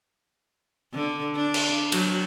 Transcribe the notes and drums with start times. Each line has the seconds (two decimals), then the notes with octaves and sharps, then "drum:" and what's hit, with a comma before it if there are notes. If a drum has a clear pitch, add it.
0.94 D3
1.36 D4
1.54 drum: cymbal
1.92 F#3, drum: cymbal